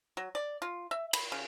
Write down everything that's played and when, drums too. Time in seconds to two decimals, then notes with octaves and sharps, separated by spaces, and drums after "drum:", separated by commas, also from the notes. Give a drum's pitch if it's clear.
0.17 F#3
0.35 D5
0.62 F4
0.91 E5
1.13 B5, drum: cymbal
1.32 C#3